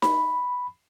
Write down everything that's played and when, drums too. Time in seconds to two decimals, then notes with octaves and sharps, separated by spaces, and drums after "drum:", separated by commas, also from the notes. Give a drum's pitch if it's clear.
0.02 B5, drum: snare D#4